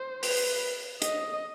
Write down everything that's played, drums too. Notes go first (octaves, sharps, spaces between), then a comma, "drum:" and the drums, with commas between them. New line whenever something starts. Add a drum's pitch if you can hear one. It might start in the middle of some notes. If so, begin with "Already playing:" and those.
Already playing: C5
B4, drum: open hi-hat
D#5, drum: hi-hat